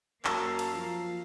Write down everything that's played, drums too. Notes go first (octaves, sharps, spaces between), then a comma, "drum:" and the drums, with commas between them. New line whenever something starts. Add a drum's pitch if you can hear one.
F#2 A#3 F5 A5 A#5 E6, drum: clap
drum: cymbal
F3